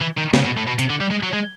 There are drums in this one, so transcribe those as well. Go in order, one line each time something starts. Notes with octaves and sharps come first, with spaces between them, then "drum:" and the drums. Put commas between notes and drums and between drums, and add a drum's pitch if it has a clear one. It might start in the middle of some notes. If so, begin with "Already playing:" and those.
E3
D#3
C#3, drum: snare
B2
A2
B2
C3, drum: hi-hat
D3
G3
G#3
F#3
G#3